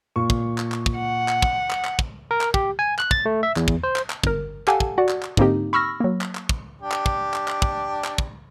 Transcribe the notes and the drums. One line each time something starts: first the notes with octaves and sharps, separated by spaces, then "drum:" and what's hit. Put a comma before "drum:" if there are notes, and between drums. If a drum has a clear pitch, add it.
A#2 C#6
drum: kick
drum: clap
drum: clap
drum: kick
F#5
drum: clap
drum: kick
drum: clap
drum: clap
drum: kick
A#4
drum: clap
G4, drum: kick
G#5
F#6, drum: clap
A6, drum: kick
A3
E5
E2, drum: clap
drum: kick
C5
drum: clap
drum: clap
G1 A#4, drum: kick
G4 A4 F5 F#5 G#5 A5, drum: clap
drum: kick
F#4 D5 F#5
drum: clap
drum: clap
G#2 D3 A#3 C4 D#4 G4, drum: kick
B5 C#6 E6 F6 A#6
F#3 A#3
drum: clap
drum: clap
drum: kick
D4 G4
drum: clap
drum: kick
drum: clap
drum: clap
drum: kick
drum: clap
drum: kick